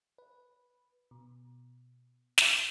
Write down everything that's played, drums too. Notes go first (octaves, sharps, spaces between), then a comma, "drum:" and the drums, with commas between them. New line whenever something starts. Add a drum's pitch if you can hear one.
B4
B2
drum: snare